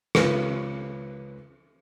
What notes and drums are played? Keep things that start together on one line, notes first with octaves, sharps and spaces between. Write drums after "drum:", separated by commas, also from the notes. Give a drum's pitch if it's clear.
C#2 B4, drum: rim click